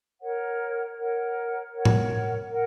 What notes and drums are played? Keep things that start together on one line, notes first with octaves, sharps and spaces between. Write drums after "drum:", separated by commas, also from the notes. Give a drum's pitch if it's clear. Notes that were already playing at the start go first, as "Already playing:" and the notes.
A#4 C#5 F#5
A#4 C#5 F#5
A#4 C#5 F#5
drum: tom A2
A#4 F#5